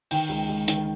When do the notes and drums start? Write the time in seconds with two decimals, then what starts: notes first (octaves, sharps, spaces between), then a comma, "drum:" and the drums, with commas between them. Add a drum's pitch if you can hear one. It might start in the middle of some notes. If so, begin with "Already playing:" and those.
0.11 D#3 G5, drum: open hi-hat
0.29 C#2
0.49 C#2
0.68 D#3, drum: hi-hat